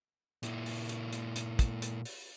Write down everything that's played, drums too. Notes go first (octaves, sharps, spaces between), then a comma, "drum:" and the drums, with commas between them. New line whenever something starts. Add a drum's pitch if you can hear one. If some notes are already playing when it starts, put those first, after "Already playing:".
A#2 E4, drum: hi-hat
drum: open hi-hat
drum: hi-hat
drum: hi-hat
drum: hi-hat
drum: kick, hi-hat
drum: hi-hat
drum: open hi-hat